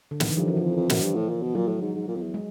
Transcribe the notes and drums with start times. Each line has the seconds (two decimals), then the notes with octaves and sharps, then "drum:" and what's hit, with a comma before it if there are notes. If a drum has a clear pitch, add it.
0.11 D3
0.20 D#3, drum: snare
0.28 E3
0.37 G2 F3
0.48 F#2 E3
0.57 F3
0.63 F2
0.76 F2
0.90 F#2, drum: snare
1.03 G2
1.15 A2
1.29 A#2
1.41 B2
1.55 A#2 F#3
1.68 A2
1.81 G#2
1.95 G#2
2.08 A#2
2.16 F2
2.21 E2
2.34 G#3